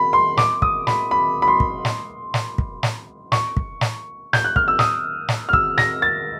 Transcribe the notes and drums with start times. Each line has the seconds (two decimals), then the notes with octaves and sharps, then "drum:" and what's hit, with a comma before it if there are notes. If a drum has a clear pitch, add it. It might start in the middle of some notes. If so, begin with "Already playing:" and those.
Already playing: B5
0.13 C6
0.37 D6, drum: snare
0.62 D#6, drum: kick
0.87 B5, drum: snare
1.11 B5
1.42 B5
1.48 C6
1.60 drum: kick
1.85 drum: snare
2.34 drum: snare
2.58 drum: kick
2.83 drum: snare
3.32 C#6, drum: snare
3.57 drum: kick
3.81 drum: snare
4.33 G6, drum: snare
4.44 F#6
4.56 F6, drum: kick
4.68 E6
4.79 D#6, drum: snare
5.28 drum: snare
5.49 F6
5.53 E6, drum: kick
5.78 A#6, drum: snare
6.02 A6